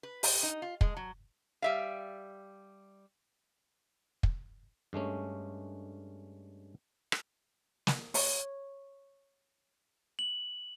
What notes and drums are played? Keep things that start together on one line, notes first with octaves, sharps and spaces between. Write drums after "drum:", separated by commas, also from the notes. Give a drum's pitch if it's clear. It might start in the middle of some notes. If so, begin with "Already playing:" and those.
B4
G4, drum: open hi-hat
D#4
F4
G#3, drum: kick
F#3
G3 E5 F5
drum: kick
G2 G#3 A3 C#4
drum: rim click
drum: snare
C#5, drum: open hi-hat
F#7